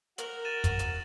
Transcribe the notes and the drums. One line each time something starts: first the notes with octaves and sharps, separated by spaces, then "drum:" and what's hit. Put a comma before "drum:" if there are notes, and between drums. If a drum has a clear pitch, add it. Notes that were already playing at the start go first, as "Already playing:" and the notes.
F#4 A#4 F#7, drum: hi-hat
A6 D#7 E7
drum: kick, hi-hat
drum: hi-hat